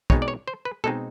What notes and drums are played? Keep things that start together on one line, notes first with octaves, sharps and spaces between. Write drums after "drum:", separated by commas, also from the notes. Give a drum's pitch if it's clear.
B2 G#3 C4 D#4 C#5, drum: kick
D5
C#5
C5
B4
B2 G#3 C4 D#4 A4